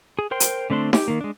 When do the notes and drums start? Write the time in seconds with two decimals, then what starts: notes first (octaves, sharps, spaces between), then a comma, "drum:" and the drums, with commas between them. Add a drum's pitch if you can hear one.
0.19 G#4
0.31 A#4 C5 G5 C6
0.40 drum: hi-hat
0.70 D3 A3 C4 D4 C6
0.93 G4, drum: snare D#4
1.08 D#3 A#3
1.21 G#3 D4